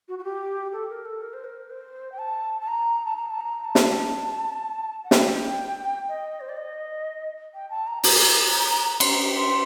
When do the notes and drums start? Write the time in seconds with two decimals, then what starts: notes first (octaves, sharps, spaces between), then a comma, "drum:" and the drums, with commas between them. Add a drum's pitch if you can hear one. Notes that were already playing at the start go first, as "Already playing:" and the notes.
0.09 F#4
0.19 F#4
0.24 G4
0.73 A4
0.89 A#4
1.05 A4
1.21 A#4
1.34 C5
1.44 A#4
1.70 C5
2.12 G5
2.19 A5
2.61 A5
2.68 A#5
3.05 A5
3.16 A#5
3.31 A5
3.40 A#5
3.65 A5
3.75 drum: snare
5.04 F#5
5.11 G5, drum: snare
6.09 D#5
6.41 C5
6.49 D5
6.57 D#5
7.54 G5
7.70 A5
7.87 A#5
8.03 A#5, drum: open hi-hat
8.92 A#5
9.00 C6, drum: cymbal
9.12 A#5
9.37 C6